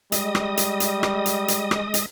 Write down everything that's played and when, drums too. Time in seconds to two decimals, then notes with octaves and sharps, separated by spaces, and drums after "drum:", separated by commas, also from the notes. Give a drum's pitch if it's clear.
0.12 G3 G#3 D#5 D#6, drum: hi-hat
0.35 drum: rim click
0.57 drum: hi-hat
0.80 drum: hi-hat
1.03 drum: rim click
1.26 drum: hi-hat
1.48 drum: hi-hat
1.71 drum: rim click
1.94 drum: hi-hat